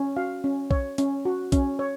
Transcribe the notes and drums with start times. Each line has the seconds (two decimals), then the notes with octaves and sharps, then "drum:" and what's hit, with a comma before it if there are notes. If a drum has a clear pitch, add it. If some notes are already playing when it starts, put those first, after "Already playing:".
Already playing: C#4
0.17 F#4 F5
0.44 C#4
0.71 C#5, drum: kick B1
0.98 C#4, drum: hi-hat
1.25 F#4
1.52 C#4, drum: kick B1, hi-hat
1.79 C#5